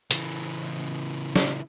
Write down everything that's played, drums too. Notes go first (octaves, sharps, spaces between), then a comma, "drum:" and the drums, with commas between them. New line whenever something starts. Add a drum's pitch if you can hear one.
C#3 E3, drum: hi-hat
drum: snare